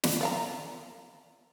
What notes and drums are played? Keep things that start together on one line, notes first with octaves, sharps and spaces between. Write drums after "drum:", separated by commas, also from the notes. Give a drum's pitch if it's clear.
drum: snare
D5 F5 A#5